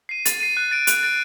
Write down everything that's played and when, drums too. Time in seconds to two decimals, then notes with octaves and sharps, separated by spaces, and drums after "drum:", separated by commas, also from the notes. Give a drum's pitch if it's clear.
0.09 C7 D#7
0.25 A6, drum: hi-hat
0.40 C7 D#7
0.57 F#6
0.71 A6 D7
0.87 F#6, drum: hi-hat
1.03 A6 D7